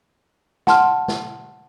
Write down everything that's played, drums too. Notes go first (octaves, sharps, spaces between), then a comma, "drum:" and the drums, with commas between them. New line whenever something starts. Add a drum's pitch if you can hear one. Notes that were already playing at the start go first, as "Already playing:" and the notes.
F#5 A5 C6 F6, drum: snare
drum: snare